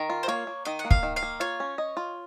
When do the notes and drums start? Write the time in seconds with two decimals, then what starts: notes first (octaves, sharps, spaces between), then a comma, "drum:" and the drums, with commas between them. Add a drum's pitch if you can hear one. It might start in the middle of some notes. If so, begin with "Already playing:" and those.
Already playing: D#3 A#4
0.10 F4
0.23 C5
0.28 A#3 C#5
0.47 A#3
0.65 D#3 D#5
0.79 F#5
0.85 A#3
0.91 F5, drum: kick
1.03 D#3
1.16 F5
1.23 A#3
1.40 F4 C#5
1.60 C#4
1.78 D#5
1.97 F4